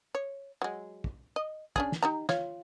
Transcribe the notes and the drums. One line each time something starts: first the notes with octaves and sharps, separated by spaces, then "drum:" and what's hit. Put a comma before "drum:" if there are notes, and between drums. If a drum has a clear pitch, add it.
C#5
F#3 G#3
drum: kick
D#5
C#4 D4 G#4, drum: kick
drum: snare
D#4 G4 A#5
F4 C#5 F5, drum: snare